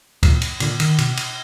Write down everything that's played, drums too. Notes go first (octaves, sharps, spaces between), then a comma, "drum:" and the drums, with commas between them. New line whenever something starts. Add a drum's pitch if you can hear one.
A#2, drum: kick C#2, cymbal
drum: cymbal
A#2 D3, drum: cymbal
D#3, drum: cymbal
B2, drum: cymbal
drum: cymbal